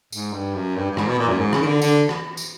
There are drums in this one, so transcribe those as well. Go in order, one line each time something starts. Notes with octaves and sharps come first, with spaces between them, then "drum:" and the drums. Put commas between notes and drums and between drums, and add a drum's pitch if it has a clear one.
G#2, drum: tambourine
G2
F#2
G2
G2
G#2, drum: rim click
B2
A#2
F#2
G#2
C#3, drum: rim click
D#3
D3
D3, drum: tambourine
drum: rim click
drum: tambourine